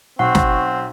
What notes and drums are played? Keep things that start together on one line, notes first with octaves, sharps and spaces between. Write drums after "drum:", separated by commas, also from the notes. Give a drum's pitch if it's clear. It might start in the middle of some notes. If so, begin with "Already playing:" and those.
B1 C4 F#5 C#6
drum: snare